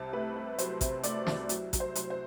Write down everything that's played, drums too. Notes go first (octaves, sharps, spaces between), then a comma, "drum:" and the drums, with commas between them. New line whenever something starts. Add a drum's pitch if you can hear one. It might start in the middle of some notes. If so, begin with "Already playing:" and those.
Already playing: C2 C3 A5
A3 B4
A3
F#3 C5, drum: hi-hat
C3, drum: kick, hi-hat
A3 D5, drum: hi-hat
C2, drum: snare
F#3, drum: hi-hat
F#3, drum: kick, hi-hat
C5
F#3, drum: hi-hat
C5